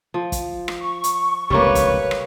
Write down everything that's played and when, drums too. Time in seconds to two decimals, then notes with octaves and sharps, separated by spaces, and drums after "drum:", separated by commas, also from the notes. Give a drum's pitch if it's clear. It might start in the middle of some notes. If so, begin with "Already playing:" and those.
0.14 F3
0.32 drum: kick, hi-hat
0.68 drum: rim click
0.82 C#6
1.04 drum: hi-hat
1.50 F1 C#2 A2 G3 A#3 B4 C#5
1.75 drum: kick, hi-hat
2.11 drum: rim click